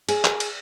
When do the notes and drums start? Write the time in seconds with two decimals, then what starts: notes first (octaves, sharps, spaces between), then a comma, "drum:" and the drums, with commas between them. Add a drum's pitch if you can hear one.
0.09 G#4, drum: cymbal
0.24 drum: clap
0.40 drum: cymbal